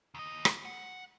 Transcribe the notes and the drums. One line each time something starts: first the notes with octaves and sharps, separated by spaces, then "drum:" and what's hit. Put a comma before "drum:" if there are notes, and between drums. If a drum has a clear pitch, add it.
D#2 D#5
drum: rim click
F#5